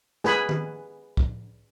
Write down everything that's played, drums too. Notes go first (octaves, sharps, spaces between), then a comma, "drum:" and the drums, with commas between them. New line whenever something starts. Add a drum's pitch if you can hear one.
G#4 B4 G#5 B5, drum: snare
drum: tom D#3
drum: kick